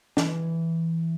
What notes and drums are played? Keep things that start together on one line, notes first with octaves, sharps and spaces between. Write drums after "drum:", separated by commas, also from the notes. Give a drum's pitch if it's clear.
E3, drum: snare